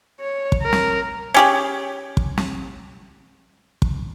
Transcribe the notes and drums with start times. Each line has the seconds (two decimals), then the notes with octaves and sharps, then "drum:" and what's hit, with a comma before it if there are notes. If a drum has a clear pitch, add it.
0.21 C#5
0.52 drum: kick
0.63 A#4
0.73 drum: snare
1.34 C#4 G4 G#4
2.17 drum: kick
2.38 drum: snare
3.82 drum: kick